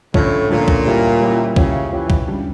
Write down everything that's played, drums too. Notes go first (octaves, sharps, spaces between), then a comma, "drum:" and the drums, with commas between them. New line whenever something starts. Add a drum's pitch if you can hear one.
A2 D3 F3 A3 C#4, drum: kick C2
A#2 D3 F3 A3 C#4
drum: kick C2
G3 A#3 C#4 E4 G4
G3 A#3 C#4 E4 G4
C#3 F3 C#4 E4 G4, drum: kick C2
E3 F3 C#4 E4 G4
drum: kick C2
C#3 G3 D4 G4